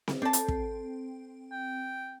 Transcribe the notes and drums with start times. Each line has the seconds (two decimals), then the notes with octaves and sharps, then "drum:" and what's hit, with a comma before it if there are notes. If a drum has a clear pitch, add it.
0.08 drum: snare C4
0.22 C4 A4 D5 A5
0.33 drum: hi-hat
0.48 drum: kick
1.52 G5